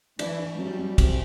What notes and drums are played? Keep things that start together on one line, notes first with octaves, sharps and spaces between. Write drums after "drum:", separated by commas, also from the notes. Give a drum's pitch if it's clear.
E3 D4, drum: cymbal
D4
F#3 G3
F#3
C3, drum: kick, cymbal